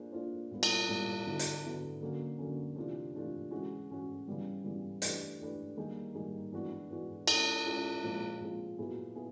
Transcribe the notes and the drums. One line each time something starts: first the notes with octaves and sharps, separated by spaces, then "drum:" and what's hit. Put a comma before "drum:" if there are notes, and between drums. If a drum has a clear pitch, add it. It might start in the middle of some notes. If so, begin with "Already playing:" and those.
Already playing: A#3 D4 F4 G#4 C5
A#3 D4 F4 G#4 C5
A#2 G3 B3
drum: cymbal
A#2 G3 B3
D3 F#3 B3 E4 A4
drum: hi-hat
D3 F#3 B3 E4 A4
D3 F#3 A#3 C#4
D3 F#3 A#3 C#4
C3 E3 A3 D4 F4
C3 E3 A3 D4 F4
E3 G#3 C#4 F#4
E3 G#3 C#4 F#4
C#3 E3 G3 B3
C#3 E3 G3 B3
E3 A3 D4 G4 B4, drum: hi-hat
E3 A3 D4 G4 B4
D#3 G3 A#3 D#4 G#4
D#3 G3 A#3 D#4 G#4
E3 G#3 B3 D4 F#4
E3 G#3 B3 D4 F#4
G#3 C#4 F4 G#4, drum: cymbal
G#3 C#4 F4 G#4
A#2 F3 G#3 C4 F4
A#2 F3 G#3 C4 F4
A#2 F#3 B3 E4 G#4
B3 E4 G#4